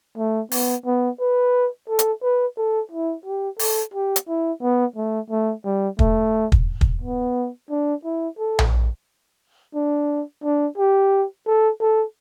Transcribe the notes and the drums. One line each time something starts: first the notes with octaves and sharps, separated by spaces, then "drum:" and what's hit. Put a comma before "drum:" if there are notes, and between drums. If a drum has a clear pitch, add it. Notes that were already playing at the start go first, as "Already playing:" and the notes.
A3
B3, drum: open hi-hat
B3
B4
A4
drum: hi-hat
B4
A4
E4
G4
A4, drum: open hi-hat
G4
drum: hi-hat
E4
B3
A3
A3
G3
A3, drum: kick
drum: kick
drum: kick
B3
D4
E4
A4
drum: tom A#1
D4
D4
G4
A4
A4